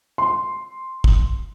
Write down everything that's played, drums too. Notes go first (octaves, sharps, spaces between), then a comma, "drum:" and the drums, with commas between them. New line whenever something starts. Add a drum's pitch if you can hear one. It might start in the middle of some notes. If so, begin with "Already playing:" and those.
C6
drum: kick